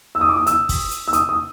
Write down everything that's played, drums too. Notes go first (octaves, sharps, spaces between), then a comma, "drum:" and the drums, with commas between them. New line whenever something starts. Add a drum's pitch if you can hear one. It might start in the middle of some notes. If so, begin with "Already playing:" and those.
E6
D#6
D6
D#6
E6, drum: hi-hat
drum: kick, open hi-hat
drum: hi-hat
E6
D#6, drum: hi-hat
D#6